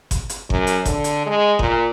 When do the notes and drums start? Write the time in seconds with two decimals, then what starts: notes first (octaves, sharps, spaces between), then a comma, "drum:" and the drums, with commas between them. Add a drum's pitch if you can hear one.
0.11 drum: kick G1, hi-hat
0.29 drum: hi-hat
0.50 F#2, drum: kick G1
0.67 drum: hi-hat
0.85 D3, drum: kick G1, hi-hat
1.04 drum: hi-hat
1.26 G#3
1.59 A#2, drum: kick G1